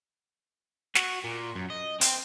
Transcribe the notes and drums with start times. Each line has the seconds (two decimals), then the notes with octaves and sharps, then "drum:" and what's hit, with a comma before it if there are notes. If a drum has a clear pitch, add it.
0.95 F#4, drum: snare
1.24 A#2
1.55 F#2
1.70 D#5
2.01 C4, drum: hi-hat